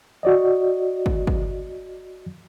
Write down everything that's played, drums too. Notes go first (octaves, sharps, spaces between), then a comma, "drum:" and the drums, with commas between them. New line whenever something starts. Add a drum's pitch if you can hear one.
F#4 D5 D#5
drum: kick
drum: kick